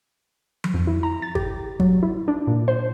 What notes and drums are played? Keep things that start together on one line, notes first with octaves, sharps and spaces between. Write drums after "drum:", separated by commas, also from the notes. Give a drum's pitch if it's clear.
drum: tom F3
F2
E4
A#5
A6
G4, drum: kick
F#3, drum: kick
E4
D4
A#2
C5